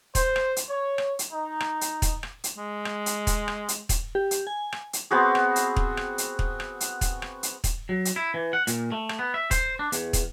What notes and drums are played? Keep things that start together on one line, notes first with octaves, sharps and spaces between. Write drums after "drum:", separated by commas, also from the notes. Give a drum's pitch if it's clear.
C5, drum: kick, hi-hat
drum: rim click
drum: hi-hat
C#5
drum: rim click
drum: hi-hat
D#4
drum: rim click
drum: hi-hat
drum: kick, hi-hat
drum: rim click
drum: hi-hat
G#3
drum: rim click
drum: hi-hat
drum: kick, hi-hat
drum: rim click
drum: hi-hat
drum: kick, hi-hat
G4
drum: hi-hat
G#5
drum: rim click
drum: hi-hat
B3 C4 F#4 G#4
drum: rim click
drum: hi-hat
drum: kick
drum: rim click
drum: hi-hat
drum: kick
drum: rim click
drum: hi-hat
drum: kick, hi-hat
drum: rim click
drum: hi-hat
drum: kick, hi-hat
F#3
drum: hi-hat
E4
E3
F#5
A#2, drum: hi-hat
A3
drum: rim click
B3
E5
C5, drum: kick, hi-hat
D4
E2, drum: hi-hat
drum: kick, hi-hat